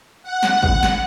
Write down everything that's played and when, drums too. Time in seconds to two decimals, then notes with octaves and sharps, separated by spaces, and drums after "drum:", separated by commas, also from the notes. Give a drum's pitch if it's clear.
0.23 F#5
0.43 drum: snare
0.63 drum: kick G1
0.83 drum: snare